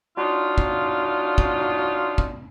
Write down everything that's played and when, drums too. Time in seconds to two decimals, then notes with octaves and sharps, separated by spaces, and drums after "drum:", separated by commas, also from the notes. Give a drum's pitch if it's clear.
0.18 F#3 D4 D#4 F4
0.58 drum: kick
1.38 drum: kick
2.18 drum: kick